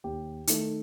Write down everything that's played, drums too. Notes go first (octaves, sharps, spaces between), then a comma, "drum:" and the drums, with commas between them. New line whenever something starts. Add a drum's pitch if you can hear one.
D#2 G4
D#3 A3, drum: hi-hat